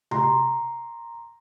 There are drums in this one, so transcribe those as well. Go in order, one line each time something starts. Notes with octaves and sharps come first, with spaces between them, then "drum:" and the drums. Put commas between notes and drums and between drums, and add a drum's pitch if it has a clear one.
A#5 C6, drum: tom C3